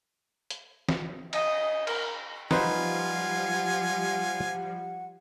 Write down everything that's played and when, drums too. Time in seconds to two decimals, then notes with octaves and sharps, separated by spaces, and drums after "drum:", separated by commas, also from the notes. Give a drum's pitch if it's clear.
0.50 drum: hi-hat
0.89 drum: snare
1.33 D#5, drum: cymbal
1.87 A#4, drum: cymbal
2.51 F3 G3 D#4 F4 B4 C5 F#5 G#5, drum: snare